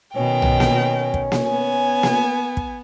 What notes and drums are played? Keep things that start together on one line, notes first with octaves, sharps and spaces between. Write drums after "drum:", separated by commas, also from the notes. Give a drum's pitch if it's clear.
B2 D#3 C#4 G5
drum: tom
drum: snare A#3
drum: kick
drum: snare A#3
B3 G#5
drum: snare A#3
drum: kick